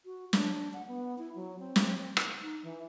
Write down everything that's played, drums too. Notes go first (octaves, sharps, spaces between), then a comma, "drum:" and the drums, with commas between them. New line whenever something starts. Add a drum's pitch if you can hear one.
F#4
D4, drum: snare
F#5
B3
E4
F#3
C4
drum: snare
drum: rim click
D#4
E3